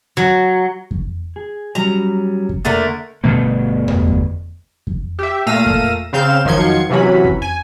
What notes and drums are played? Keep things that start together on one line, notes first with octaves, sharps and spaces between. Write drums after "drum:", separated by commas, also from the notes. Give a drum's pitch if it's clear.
F#3
drum: kick F2
G#4
F#3 G3 C#4 A#5
drum: kick F2
D3 A3 A#3 A#4
G1 B2 A3
drum: tom E2
drum: kick F2
drum: kick F2
G4 E5
A#2 A3 F5 E6 A#6 D#7
drum: kick F2
C#3 C4 F5 G6 E7
D#3 F3 F#3 C6 G#6 C#7, drum: kick F2
C3 E3 F#3 C#4 B5
drum: kick F2
G#5